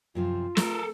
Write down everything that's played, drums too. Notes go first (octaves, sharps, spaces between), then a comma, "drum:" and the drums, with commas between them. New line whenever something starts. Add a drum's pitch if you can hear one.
F#2 C3 F3 F4
A3 A4 A#4, drum: snare